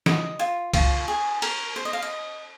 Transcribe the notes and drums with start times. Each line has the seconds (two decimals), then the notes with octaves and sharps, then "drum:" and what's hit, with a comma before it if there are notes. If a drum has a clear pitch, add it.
0.06 D#5, drum: snare
0.39 F4
0.74 F4, drum: kick, cymbal
1.08 G#4
1.42 A#4, drum: cymbal
1.76 C5
1.85 D#5
1.93 F5
2.02 D#5